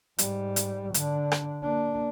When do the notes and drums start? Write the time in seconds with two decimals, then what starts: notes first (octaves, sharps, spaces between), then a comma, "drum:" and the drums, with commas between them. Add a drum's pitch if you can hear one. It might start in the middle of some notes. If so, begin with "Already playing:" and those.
0.18 G#2 G3, drum: hi-hat
0.56 drum: hi-hat
0.94 D3 D4, drum: hi-hat
1.32 drum: rim click
1.63 A#3 D4